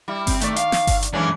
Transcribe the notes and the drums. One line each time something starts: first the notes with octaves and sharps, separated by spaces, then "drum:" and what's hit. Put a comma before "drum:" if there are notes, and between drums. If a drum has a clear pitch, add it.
G3 E4
C4, drum: kick G1, open hi-hat
D#3 A3 D5, drum: hi-hat
F5, drum: hi-hat
drum: snare
drum: kick G1, open hi-hat
drum: hi-hat
F#2 E3 G#3 C#4 D4